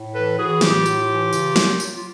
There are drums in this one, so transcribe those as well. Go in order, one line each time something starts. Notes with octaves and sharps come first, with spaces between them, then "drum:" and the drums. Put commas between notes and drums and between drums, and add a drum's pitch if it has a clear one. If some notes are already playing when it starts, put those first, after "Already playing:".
Already playing: A2
E3 A4 B4
E3 F#4 G#4
A2 F4 G4, drum: snare
A2, drum: tambourine
E3
C#3, drum: tambourine
F#3, drum: snare
F#3, drum: tambourine
F4